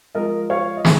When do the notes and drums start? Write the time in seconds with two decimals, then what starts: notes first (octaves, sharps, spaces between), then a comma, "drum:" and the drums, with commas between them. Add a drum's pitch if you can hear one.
0.15 F3 G#3 F4 A#4 D#5
0.50 C#5 F5
0.77 D#5
0.85 G#4, drum: snare